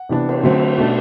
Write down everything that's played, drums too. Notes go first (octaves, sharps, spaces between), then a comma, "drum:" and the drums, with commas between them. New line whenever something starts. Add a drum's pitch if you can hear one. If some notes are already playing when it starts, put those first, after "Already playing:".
Already playing: F#5
C3 E3 B3 D4
drum: cymbal
D3 F#3 A3 C4
B2 A3 D4